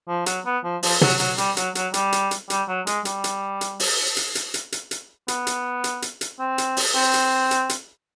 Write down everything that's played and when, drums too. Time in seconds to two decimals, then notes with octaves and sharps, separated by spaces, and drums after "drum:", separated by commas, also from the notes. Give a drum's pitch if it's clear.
0.08 F3
0.26 F#3, drum: hi-hat
0.46 B3
0.64 F3
0.83 F3, drum: open hi-hat
1.01 F#3, drum: tom
1.20 F#3, drum: hi-hat
1.38 G3, drum: hi-hat
1.57 F#3, drum: hi-hat
1.75 F#3, drum: hi-hat
1.94 G3, drum: hi-hat
2.12 drum: hi-hat
2.31 drum: hi-hat
2.50 G3, drum: hi-hat
2.68 F#3
2.87 G#3, drum: hi-hat
3.05 G3, drum: hi-hat
3.24 drum: hi-hat
3.61 drum: hi-hat
3.80 drum: open hi-hat
4.17 drum: hi-hat
4.35 drum: hi-hat
4.54 drum: hi-hat
4.72 drum: hi-hat
4.91 drum: hi-hat
5.28 B3, drum: hi-hat
5.47 drum: hi-hat
5.84 drum: hi-hat
6.02 drum: hi-hat
6.21 drum: hi-hat
6.39 C4
6.58 drum: hi-hat
6.77 drum: open hi-hat
6.95 C4
7.14 drum: hi-hat
7.51 drum: hi-hat
7.69 drum: hi-hat